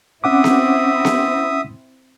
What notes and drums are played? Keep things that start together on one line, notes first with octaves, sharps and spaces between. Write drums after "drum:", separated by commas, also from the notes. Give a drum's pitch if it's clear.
C4 C#4 E4 E5 F#5 D6 D#6
drum: snare B3
drum: snare B3